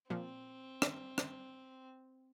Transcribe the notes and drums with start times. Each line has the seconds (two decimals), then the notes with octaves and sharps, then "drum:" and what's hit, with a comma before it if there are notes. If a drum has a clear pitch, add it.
0.10 A#2 F3 C4
0.82 drum: rim click
1.18 drum: rim click